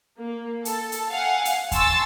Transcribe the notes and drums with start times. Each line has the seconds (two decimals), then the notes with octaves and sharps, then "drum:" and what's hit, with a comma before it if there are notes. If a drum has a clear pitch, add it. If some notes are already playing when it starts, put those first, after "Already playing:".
0.18 A#3
0.65 A4, drum: hi-hat
0.92 drum: hi-hat
1.10 F5 F#5 G#5
1.45 drum: hi-hat
1.72 G#5 A5 C6 C#6 E6 A6, drum: kick D#2, hi-hat